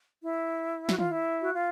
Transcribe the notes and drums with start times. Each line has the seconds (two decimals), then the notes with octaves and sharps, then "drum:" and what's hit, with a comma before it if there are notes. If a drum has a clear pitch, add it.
0.21 E4
0.89 F#4, drum: snare
0.98 F4, drum: tom D#3
1.09 E4
1.42 F#4
1.53 F4